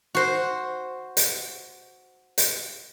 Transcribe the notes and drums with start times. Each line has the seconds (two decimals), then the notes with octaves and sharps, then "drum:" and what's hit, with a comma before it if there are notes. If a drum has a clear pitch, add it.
0.15 F#4 C5
1.17 drum: hi-hat
2.38 drum: hi-hat